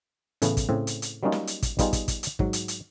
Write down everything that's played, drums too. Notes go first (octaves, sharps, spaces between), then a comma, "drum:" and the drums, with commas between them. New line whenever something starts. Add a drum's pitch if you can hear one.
A2 C#3 E3 A3 B3, drum: hi-hat
drum: kick, hi-hat
A2 C#3 C4
drum: hi-hat
drum: hi-hat
F#3 G3 A#3 C#4 D#4 F4
drum: snare
drum: hi-hat
drum: kick, hi-hat
G3 B3 D#4 F4 G#4 G5, drum: kick, hi-hat
drum: kick, hi-hat
drum: kick, hi-hat
drum: hi-hat
G#2 F#3, drum: kick
drum: hi-hat
drum: hi-hat